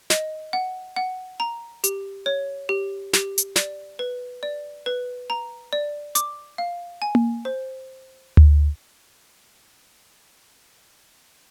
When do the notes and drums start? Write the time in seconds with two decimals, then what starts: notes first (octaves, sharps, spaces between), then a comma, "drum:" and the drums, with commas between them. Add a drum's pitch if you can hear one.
0.10 D#5, drum: snare
0.53 F#5
0.96 F#5
1.40 A#5
1.84 G4, drum: hi-hat
2.26 C#5
2.69 G4
3.13 G4, drum: snare
3.38 drum: hi-hat
3.56 D5, drum: snare
3.99 B4
4.43 D5
4.86 B4
5.30 A#5
5.73 D5
6.15 D6, drum: hi-hat
6.58 F5
7.02 G#5
7.15 drum: tom A#3
7.45 C5
8.37 drum: tom D2